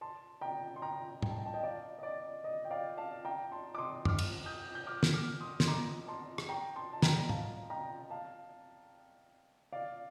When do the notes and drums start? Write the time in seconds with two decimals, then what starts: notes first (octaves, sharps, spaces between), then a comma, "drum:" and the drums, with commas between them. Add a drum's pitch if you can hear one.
0.01 A5 C6
0.41 G5 A#5
0.76 C6
0.82 G5 A#5
1.22 G5, drum: tom A2
1.30 A5
1.38 G5
1.46 A5
1.54 D#5 G5
1.63 D5 F5
1.99 D#5
2.03 D5
2.44 D#5
2.65 G5
2.71 D5 F5
2.98 F5 A5
3.25 G5 A#5
3.52 A5 C6
3.75 D6
3.78 C6 D#6
4.05 D6 F6, drum: tom F#2
4.19 drum: cymbal
4.46 D#6 G6
4.75 G6
4.86 D6 F6
5.03 drum: snare
5.14 D6 F6
5.40 C6 D#6
5.60 C6, drum: snare
5.68 A#5 D6
6.08 A5 C6
6.38 drum: rim click
6.48 G5 A#5
6.76 A5 C6
6.93 A5
7.02 G5 A#5, drum: snare
7.19 A#5
7.29 F5 A5, drum: tom A2
7.70 G5 A#5
8.11 F5 A5
9.72 D5 F5